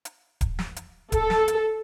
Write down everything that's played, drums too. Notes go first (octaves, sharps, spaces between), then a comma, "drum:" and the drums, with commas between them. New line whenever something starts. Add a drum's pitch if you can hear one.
drum: hi-hat
drum: kick D1, hi-hat
drum: snare
drum: hi-hat
A4, drum: kick D1, hi-hat
drum: snare
drum: hi-hat